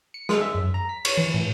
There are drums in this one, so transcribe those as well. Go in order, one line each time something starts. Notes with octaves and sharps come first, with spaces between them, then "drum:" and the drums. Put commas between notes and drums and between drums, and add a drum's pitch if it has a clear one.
C#7
G#3, drum: rim click
E5
F#2
A#5
B6
C#5, drum: cymbal
E3
A2